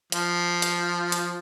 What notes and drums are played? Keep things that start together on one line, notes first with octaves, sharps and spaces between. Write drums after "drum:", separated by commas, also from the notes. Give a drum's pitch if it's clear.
F3, drum: hi-hat
drum: hi-hat
drum: hi-hat